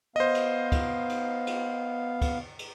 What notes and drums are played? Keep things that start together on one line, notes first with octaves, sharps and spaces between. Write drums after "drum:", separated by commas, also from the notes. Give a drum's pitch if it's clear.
B3 C5 D#5 F5
drum: cymbal
drum: kick, cymbal
drum: cymbal
drum: cymbal
drum: kick, cymbal
drum: cymbal